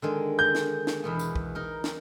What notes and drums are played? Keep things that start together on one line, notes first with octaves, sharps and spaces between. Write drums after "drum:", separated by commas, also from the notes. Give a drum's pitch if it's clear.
D3 D#3 G#3
A#5 G6
drum: snare
drum: snare
E2 B2 B3
drum: tambourine
drum: kick
D#4 A#4
drum: snare